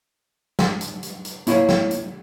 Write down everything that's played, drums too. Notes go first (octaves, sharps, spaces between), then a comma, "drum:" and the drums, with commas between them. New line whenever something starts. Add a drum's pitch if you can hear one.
drum: snare
drum: hi-hat
drum: hi-hat
drum: hi-hat
A#3 E4 C#5 F5, drum: hi-hat
drum: snare
drum: hi-hat